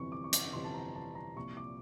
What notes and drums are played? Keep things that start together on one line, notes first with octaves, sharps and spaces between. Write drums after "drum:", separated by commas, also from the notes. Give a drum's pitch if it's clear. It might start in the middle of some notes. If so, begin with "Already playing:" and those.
Already playing: G1 F2 C3 E3 C#6
D6
C#6
D6, drum: hi-hat
G1 F2 C3 E3 C6
A5
A#5
A5
A#5
C2 A#2 F3 C#6
D6